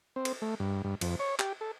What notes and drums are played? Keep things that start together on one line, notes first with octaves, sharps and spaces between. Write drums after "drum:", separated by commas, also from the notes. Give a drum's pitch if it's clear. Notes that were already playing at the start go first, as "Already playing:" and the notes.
C4
drum: cymbal
A3
G2
G2
F2, drum: cymbal
C#5
G4, drum: clap
A4